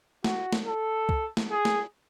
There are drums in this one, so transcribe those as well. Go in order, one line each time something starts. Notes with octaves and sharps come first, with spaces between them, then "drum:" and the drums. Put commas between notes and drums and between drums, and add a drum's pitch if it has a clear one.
F#4, drum: snare
drum: snare
A4
drum: kick
drum: snare
G#4
drum: snare